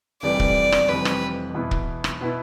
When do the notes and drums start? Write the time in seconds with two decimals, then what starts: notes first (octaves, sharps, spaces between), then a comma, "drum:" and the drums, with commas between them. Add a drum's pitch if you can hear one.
0.22 F1 F2 E3 G3 D5
0.39 drum: kick
0.72 drum: rim click
0.88 F1 F2 E3 G3 B4
1.05 drum: rim click
1.54 E2 B2 B3 E4 B4
1.71 drum: kick
2.04 drum: rim click
2.21 B2 B3 E4 B4